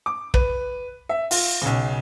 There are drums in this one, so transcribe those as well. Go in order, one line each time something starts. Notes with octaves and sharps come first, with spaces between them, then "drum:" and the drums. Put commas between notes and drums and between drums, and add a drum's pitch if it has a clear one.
D6
B4, drum: kick
E5
F4, drum: open hi-hat
B1 C#3